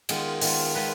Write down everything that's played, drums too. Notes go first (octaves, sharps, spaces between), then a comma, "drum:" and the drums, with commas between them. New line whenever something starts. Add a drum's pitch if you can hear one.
D#3 G#3 B3 F4, drum: cymbal
D#3 G#3 B3 F4, drum: open hi-hat
D#3 G#3 B3 F4 B4